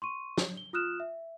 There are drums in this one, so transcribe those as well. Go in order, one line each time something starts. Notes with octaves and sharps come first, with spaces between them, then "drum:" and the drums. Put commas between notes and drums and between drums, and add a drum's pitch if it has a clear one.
C6 C#6 D#7
drum: snare
G7
F4 D#6 F6 F#6 E7
E5